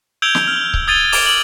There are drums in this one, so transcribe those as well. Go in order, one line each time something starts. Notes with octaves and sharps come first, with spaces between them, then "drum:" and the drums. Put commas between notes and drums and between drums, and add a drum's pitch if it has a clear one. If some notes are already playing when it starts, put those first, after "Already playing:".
E6 G6 G#6 D7 F7 G7
drum: snare
F6
drum: kick C#1
D#6 G#6 A6 D#7 G7
D6 D7, drum: open hi-hat
F#7